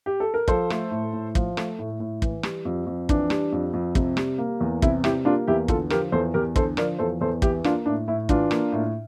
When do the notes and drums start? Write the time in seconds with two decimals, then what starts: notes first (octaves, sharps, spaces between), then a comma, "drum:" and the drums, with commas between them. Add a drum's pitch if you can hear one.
0.06 G4
0.20 A4
0.34 A#4
0.48 F3 A4 C5, drum: kick
0.70 A3, drum: rim click
0.91 A2
1.13 A2
1.35 F3, drum: kick
1.57 A3, drum: rim click
1.79 A2
2.00 A2
2.22 E3, drum: kick
2.43 G3, drum: rim click
2.65 F2
2.86 F2
3.09 E3 D4, drum: kick
3.30 G3, drum: rim click
3.52 F2
3.73 F2
3.95 C3, drum: kick
4.17 G3, drum: rim click
4.38 A#3
4.61 E2
4.82 C3 E4, drum: kick
5.04 G3 E4 G4, drum: rim click
5.25 A#3 D4 F4
5.48 E2 E4 G4
5.68 D3 F4 A4, drum: kick
5.90 F3 G4 A#4, drum: rim click
6.12 E2 A4 C5
6.34 E2 G4 A#4
6.56 D3 A4 C5, drum: kick
6.77 F3 A#4 D5, drum: rim click
6.99 E2 A4 C5
7.21 E2 A4 C5
7.42 E3 E4 G4, drum: kick
7.64 A#3 D4 F4, drum: rim click
7.86 A2 D4
8.08 A2 E4
8.29 E3 D4 F4, drum: kick
8.51 A#3, drum: rim click
8.72 A2